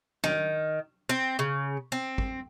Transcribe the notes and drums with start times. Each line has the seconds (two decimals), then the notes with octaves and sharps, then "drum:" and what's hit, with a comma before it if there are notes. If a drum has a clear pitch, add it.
0.24 D#3, drum: snare
1.09 C4
1.39 C#3
1.92 C4
2.18 drum: kick